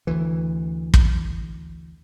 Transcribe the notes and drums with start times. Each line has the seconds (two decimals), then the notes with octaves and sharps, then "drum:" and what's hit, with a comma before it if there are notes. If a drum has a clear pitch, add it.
0.07 D2 E3
0.94 drum: kick